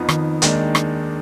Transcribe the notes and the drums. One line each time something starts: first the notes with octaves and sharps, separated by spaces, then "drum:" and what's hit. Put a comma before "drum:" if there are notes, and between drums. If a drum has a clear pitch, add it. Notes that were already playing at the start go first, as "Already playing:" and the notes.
Already playing: F2 F3 B3 D#4
D#3, drum: rim click
D#2 D#3 G#3 D4, drum: hi-hat
drum: rim click